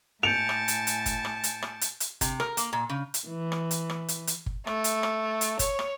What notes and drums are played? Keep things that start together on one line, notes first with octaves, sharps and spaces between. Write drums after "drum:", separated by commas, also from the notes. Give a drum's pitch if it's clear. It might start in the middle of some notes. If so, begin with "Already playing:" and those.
A2 G#5 A5 G6 C#7 D7 F7
drum: rim click
drum: hi-hat
drum: hi-hat
drum: kick G1, hi-hat
drum: rim click
drum: hi-hat
drum: rim click
drum: hi-hat
drum: hi-hat
C3, drum: kick G1, hi-hat
A#4, drum: rim click
A#3, drum: hi-hat
A#2
C#3
drum: hi-hat
E3
drum: rim click
drum: hi-hat
drum: rim click
drum: hi-hat
drum: hi-hat
drum: kick G1
A3, drum: rim click
drum: hi-hat
drum: rim click
drum: hi-hat
C#5, drum: kick G1, hi-hat
drum: rim click